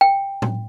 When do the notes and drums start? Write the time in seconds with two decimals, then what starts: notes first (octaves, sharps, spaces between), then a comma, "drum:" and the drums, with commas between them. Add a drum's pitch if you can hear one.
0.01 G5
0.42 drum: tom A2